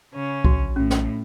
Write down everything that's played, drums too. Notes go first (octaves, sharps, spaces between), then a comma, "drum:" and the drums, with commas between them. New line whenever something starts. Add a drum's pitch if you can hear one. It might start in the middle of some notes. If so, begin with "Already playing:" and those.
C#3 C#4
A#1 F#4, drum: kick C#2
A2 C#4
drum: snare